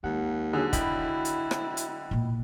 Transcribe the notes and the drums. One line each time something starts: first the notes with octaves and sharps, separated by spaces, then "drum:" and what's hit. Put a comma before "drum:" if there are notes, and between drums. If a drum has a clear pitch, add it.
D#2 G#3 F#5
D3 F#3 G#4
E4 D#5 G5 B5, drum: kick, hi-hat
drum: hi-hat
drum: rim click
drum: hi-hat
A#2 A#3